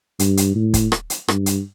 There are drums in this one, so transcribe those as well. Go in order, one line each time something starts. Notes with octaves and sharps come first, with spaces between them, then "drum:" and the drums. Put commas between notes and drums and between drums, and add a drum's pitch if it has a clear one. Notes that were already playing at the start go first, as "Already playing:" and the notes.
G2, drum: hi-hat
drum: hi-hat
A2
drum: kick, hi-hat
drum: rim click
drum: hi-hat
G2, drum: rim click
drum: hi-hat